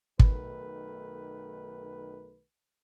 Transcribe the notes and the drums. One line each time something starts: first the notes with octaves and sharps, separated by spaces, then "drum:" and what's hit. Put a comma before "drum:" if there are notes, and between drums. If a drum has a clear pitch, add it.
B1 D#3 A3 B4, drum: kick